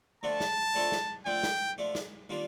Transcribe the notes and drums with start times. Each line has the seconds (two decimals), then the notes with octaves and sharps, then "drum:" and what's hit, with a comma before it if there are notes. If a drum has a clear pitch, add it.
0.23 D3 F3 A3 D4 A5
0.40 drum: snare
0.74 D3 F3 A3 D4
0.92 drum: snare
1.26 D3 F3 A3 D4 G5
1.43 drum: snare
1.78 D3 F3 A3 D4
1.95 drum: snare
2.29 D#3 G3 A#3 D4 F4